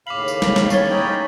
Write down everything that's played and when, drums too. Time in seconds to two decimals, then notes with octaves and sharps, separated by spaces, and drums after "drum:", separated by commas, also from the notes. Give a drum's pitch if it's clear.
0.07 D#2 A2 C#3 F5 B5 D6 F#7
0.28 drum: tambourine
0.42 drum: snare
0.56 drum: snare
0.70 C#5 C#6 A6 G7, drum: tambourine
0.90 C#4 D#4 G5 B5